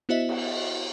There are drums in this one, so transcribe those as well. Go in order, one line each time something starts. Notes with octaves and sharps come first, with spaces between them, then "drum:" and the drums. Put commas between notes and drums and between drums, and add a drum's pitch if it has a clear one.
B3 E4 F#4 C5 D#5 E5
drum: cymbal